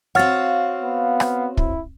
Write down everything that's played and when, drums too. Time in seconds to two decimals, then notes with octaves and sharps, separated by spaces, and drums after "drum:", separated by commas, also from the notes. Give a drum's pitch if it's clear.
0.15 C4 F#4 C#5 F5 F#5 F6 A6
0.82 B3
1.20 drum: rim click
1.57 E4, drum: kick